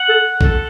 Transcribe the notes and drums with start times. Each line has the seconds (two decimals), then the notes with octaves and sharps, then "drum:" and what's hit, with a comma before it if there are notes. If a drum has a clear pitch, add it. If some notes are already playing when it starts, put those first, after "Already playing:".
Already playing: F#5
0.09 A4
0.41 A4, drum: kick A#1